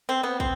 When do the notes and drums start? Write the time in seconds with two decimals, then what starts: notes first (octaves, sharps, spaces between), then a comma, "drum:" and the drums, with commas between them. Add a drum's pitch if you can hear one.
0.09 C4
0.23 B3
0.40 C4, drum: kick